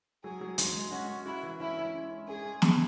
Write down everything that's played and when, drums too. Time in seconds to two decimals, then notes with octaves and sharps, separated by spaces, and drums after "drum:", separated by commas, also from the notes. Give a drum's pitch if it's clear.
0.24 F#3 G#4
0.41 F#3
0.58 G#3, drum: hi-hat
0.75 G#3
0.91 C#4 F#4
1.09 C#4
1.25 E4 F#4
1.43 E3
1.60 C#4 E4
1.77 C#4
1.95 G#3
2.11 C#4
2.28 C#4 G#4
2.45 G#3
2.62 E4, drum: snare